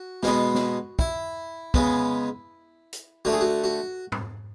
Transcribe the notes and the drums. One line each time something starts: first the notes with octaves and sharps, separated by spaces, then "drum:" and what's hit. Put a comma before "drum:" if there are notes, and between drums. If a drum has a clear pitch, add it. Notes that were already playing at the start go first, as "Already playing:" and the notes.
Already playing: F#4
B2 G#3 B3, drum: snare
drum: snare
E4, drum: kick
C#3 G#3 B3, drum: kick
drum: hi-hat
D3 A3 F#4
G#4
F#4
F#4
drum: tom